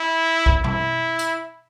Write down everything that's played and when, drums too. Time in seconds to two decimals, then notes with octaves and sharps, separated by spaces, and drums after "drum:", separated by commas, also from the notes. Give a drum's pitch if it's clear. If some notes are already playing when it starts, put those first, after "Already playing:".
Already playing: E4
0.46 drum: kick A#1
0.64 E4, drum: tom
1.19 drum: tambourine